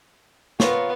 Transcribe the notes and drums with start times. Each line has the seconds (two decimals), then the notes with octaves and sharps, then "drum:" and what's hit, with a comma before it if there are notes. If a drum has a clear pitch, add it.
0.60 B3 F4 A#4 C#5, drum: snare